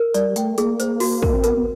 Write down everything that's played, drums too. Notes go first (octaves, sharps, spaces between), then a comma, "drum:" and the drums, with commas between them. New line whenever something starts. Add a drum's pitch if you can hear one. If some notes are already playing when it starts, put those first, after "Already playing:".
Already playing: A#4
G3 D5, drum: hi-hat
A3 G5, drum: hi-hat
A#3 G#4, drum: hi-hat
C5, drum: hi-hat
F#4, drum: open hi-hat
A#4, drum: kick
C4
B3 A#4, drum: hi-hat
B3